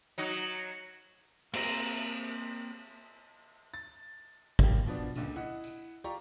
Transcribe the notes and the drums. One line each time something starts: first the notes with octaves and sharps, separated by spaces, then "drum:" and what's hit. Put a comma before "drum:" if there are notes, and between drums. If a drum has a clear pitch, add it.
F#3 D#4
A#3 C4 C5 A#5, drum: cymbal
A6
G3 A#3 G4, drum: kick
B2 F3 B3 D4
C#2 A#2 D3, drum: tambourine
E4 D#5 F#5
drum: tambourine
F4 G4 D5 A#5 C#6